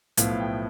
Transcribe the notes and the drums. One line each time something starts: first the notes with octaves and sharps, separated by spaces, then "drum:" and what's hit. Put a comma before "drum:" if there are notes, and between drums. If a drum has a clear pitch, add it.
B1 A2 F3 B3 E4 F5, drum: hi-hat
G5